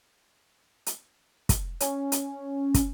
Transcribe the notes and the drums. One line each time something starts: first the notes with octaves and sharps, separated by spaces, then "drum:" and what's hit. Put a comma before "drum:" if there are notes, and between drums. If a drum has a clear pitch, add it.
drum: hi-hat
drum: kick, hi-hat
C#4, drum: hi-hat
drum: hi-hat
drum: kick, hi-hat